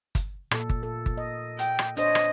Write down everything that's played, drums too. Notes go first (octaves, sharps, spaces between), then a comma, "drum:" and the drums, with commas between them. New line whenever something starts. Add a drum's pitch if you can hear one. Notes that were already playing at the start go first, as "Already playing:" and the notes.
drum: kick G1, hi-hat
A#2 A4, drum: rim click
drum: kick G1
A4
drum: kick G1
D#5
G5, drum: hi-hat
drum: rim click
D4 C5 C#5 D#5, drum: hi-hat
drum: rim click